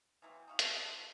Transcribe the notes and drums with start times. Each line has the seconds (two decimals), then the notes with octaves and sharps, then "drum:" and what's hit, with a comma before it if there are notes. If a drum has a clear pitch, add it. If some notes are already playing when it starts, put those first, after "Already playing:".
0.22 E3 F#3 A#3 C4
0.48 D#4 F#4 F5
0.59 E4 F#4 A4, drum: hi-hat
0.85 B2 F3